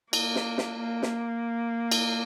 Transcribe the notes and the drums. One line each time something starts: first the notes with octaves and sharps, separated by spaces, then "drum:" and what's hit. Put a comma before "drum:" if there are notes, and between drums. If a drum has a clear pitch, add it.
A#3, drum: cymbal
drum: snare
drum: snare
A#3
drum: snare
drum: cymbal